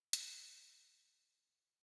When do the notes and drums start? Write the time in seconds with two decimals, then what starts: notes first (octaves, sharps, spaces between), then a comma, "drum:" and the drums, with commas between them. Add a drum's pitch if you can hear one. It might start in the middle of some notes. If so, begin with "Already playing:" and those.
0.13 D#2 D#3 A#3 A#5, drum: hi-hat
0.27 C6
0.39 D#6
0.53 C6
0.92 C3 G3 D#4